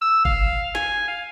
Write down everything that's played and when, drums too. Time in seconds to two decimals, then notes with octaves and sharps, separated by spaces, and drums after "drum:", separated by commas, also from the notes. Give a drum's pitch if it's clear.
0.02 E6
0.25 F5, drum: kick G1
0.75 G#5, drum: snare
1.08 F5